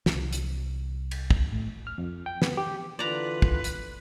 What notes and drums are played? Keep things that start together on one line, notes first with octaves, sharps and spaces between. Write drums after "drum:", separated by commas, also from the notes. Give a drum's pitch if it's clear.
C2, drum: snare
drum: hi-hat
drum: cymbal
drum: kick
A2
F6
F2
G5
B3, drum: snare
G4
D3 E3 F4 B4 D5 A#5
drum: kick
drum: hi-hat